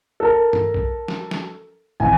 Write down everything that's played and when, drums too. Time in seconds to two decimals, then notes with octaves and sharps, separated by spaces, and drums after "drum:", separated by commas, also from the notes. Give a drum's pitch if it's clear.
0.20 A4 A#4
0.53 drum: tom
0.74 drum: kick
1.08 drum: snare
1.31 drum: snare
2.00 G#1 E3 G#5